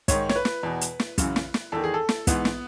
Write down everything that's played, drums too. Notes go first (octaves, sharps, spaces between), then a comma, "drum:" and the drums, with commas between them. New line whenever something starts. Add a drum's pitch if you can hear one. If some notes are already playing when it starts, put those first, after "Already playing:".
G#2 D#3 C#5, drum: kick, hi-hat
C#5, drum: snare
B4
drum: snare
E2 B2
drum: hi-hat
drum: snare
F#2 C#3 E3, drum: kick, hi-hat
drum: snare
drum: snare
E2 D#3 A4
G#4
A4
drum: snare
G#2 E3 B3, drum: kick, hi-hat
drum: snare